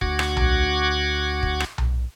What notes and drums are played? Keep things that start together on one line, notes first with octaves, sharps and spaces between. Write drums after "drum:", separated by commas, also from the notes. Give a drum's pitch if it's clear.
D2 F#4 F#5 D6 G#6, drum: kick
drum: rim click
drum: tom B1
drum: kick
drum: rim click
drum: tom B1